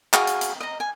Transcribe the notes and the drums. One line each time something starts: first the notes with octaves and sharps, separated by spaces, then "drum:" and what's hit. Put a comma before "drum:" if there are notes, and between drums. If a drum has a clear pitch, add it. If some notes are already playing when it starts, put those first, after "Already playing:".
F#4 G#4 F5, drum: clap
drum: hi-hat
drum: hi-hat
D#5 A#5
G#5